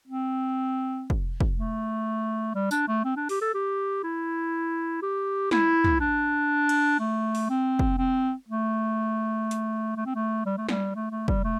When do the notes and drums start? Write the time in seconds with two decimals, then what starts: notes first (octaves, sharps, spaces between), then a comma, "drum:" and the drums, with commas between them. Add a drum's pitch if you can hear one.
0.07 C4
1.10 drum: kick
1.40 drum: kick
1.56 A3
2.54 G3
2.71 D4, drum: tambourine
2.88 A3
3.04 C4
3.16 D4
3.29 G4, drum: open hi-hat
3.41 A4
3.54 G4
4.03 E4
5.02 G4
5.51 E4, drum: snare
5.84 drum: tom
6.00 D4
6.69 drum: cymbal
7.00 A3
7.35 drum: open hi-hat
7.49 C4
7.79 drum: kick
7.98 C4
8.48 A3
9.51 drum: hi-hat
9.96 A3
10.06 C4
10.15 A3
10.45 G3
10.57 A3
10.69 G3, drum: snare
10.95 A3
11.11 A3
11.28 G3, drum: kick
11.44 A3